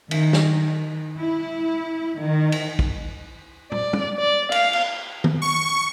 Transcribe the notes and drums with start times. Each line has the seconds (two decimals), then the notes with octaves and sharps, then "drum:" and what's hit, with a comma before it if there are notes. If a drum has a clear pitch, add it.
0.11 D#3, drum: cymbal
0.33 drum: snare
1.19 E4
2.20 D#3
2.52 drum: cymbal
2.79 drum: kick
3.72 D5, drum: tom
3.93 drum: tom
4.18 D5
4.52 F5, drum: cymbal
4.73 drum: cymbal
5.24 drum: tom D#3
5.42 C#6